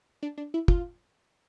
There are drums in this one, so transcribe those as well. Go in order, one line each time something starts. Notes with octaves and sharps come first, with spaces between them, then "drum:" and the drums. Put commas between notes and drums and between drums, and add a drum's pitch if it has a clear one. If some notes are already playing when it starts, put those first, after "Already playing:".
D4
D4
E4
F4, drum: kick